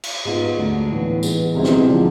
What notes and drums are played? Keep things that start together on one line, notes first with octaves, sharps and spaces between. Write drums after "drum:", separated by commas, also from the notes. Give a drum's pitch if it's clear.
drum: cymbal
G#2 G#3 B3 F4
D2 D3 A3
A2 E3 B3
E3 G#3 B3, drum: tambourine
C2 B2 G#3 C4 E4
drum: snare
D3 F3 G#3 D4